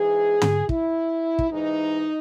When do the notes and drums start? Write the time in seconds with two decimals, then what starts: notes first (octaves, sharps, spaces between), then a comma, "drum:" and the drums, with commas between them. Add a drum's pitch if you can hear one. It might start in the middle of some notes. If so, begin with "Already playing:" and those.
Already playing: G#2 E3 G#4
0.42 drum: tom
0.69 E4, drum: kick
1.39 drum: kick
1.51 G#2 E3 D#4